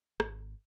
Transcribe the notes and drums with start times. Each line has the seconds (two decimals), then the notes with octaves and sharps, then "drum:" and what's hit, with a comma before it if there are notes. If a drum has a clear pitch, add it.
0.20 G#1, drum: rim click